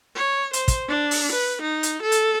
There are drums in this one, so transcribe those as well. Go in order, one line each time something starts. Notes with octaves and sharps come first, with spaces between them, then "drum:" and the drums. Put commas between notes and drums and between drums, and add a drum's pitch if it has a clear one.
C#5
C5, drum: hi-hat
drum: kick, hi-hat
D4
drum: open hi-hat
B4
D#4
drum: hi-hat
A4
drum: hi-hat